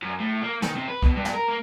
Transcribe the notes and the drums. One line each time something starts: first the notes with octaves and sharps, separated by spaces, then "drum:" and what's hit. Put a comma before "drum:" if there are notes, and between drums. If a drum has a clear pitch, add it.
F#2
A2
A#3
D#3, drum: snare
C3
B4
B2, drum: kick C2
G2
drum: snare
A#4
A#3